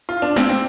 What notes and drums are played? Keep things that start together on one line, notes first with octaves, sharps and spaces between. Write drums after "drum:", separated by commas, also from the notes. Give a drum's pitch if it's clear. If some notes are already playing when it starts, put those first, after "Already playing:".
F4
D4
C4, drum: snare
C4